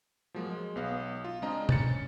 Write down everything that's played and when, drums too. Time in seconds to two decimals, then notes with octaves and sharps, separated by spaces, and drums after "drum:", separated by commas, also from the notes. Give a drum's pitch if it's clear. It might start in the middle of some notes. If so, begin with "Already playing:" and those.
0.34 F3 F#3 G#3 A#3
0.51 G#3
0.76 B1 B3 F5
1.24 F4
1.42 C#3 G#3 C4 D4 D#5 A#5
1.69 C#4 A6 C#7, drum: tom